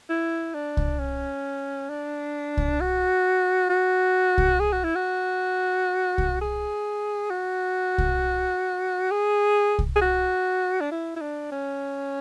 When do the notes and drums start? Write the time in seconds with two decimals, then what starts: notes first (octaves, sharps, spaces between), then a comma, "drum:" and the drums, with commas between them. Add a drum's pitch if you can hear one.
0.09 E4
0.54 D4
0.77 drum: kick C2
1.00 C#4
1.89 D4
2.57 drum: kick C2
2.80 F#4
3.70 F#4
4.38 drum: kick C2
4.60 G#4
4.72 F#4
4.84 E4
4.95 F#4
6.18 drum: kick C2
6.41 G#4
7.30 F#4
7.98 drum: kick C2
9.11 G#4
9.79 drum: kick C2
9.96 G#4
10.01 F#4
10.81 D4
10.91 E4
11.16 E4
11.21 D4
11.52 C#4